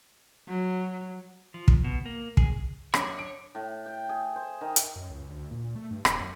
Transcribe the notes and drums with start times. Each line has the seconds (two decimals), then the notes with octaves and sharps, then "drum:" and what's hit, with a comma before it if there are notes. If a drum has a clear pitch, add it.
0.48 F#3
1.54 F3
1.68 drum: kick
1.84 B2
2.06 A#3
2.37 G#4, drum: kick
2.94 F#2 D4 C#5, drum: rim click
3.19 D7
3.55 A2
3.86 G5
4.09 G#4
4.36 C5
4.61 D#3
4.76 drum: hi-hat
4.96 F#2
5.10 C#2
5.29 D2
5.51 A#2
5.76 A3
5.91 G2
6.05 D#1, drum: rim click
6.21 F#2